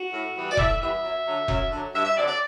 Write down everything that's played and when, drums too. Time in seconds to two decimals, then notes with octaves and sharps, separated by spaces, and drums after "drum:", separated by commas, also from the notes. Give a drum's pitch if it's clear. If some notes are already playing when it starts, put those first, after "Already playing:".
Already playing: F#4
0.13 A2
0.36 E3 G3 B3 E4
0.51 D5
0.57 A2 E5, drum: kick E1
0.80 E3 G3 B3 E4 E5
1.03 F#2
1.25 D3 F#3
1.48 F#2, drum: kick E1
1.70 D3 F#3
1.94 G2 E5
2.05 E5
2.16 D3 F#3 C4 D5
2.27 D5